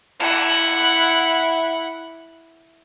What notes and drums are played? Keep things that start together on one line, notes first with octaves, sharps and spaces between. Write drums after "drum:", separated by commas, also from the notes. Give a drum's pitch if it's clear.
E4 F#5, drum: cymbal